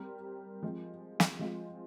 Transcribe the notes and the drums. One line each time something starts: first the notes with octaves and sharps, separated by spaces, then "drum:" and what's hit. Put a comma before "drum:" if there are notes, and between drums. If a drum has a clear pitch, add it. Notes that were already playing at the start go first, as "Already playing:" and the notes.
Already playing: G3 C4 G4 A#4
F3 G#3 C4
drum: snare
F3 G#3 C4 F4